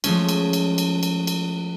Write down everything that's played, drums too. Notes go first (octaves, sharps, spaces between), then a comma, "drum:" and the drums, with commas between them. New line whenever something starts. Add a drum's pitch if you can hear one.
F3 G#3 A3 C#4, drum: cymbal
drum: cymbal
drum: cymbal
drum: cymbal
drum: cymbal
drum: cymbal